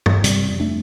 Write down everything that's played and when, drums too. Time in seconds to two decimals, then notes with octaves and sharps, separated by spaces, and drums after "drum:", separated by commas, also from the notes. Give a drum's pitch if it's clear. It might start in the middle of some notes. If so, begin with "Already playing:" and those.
0.06 drum: tom G2
0.24 C3 G3 C4, drum: hi-hat
0.48 F2
0.60 A3 D4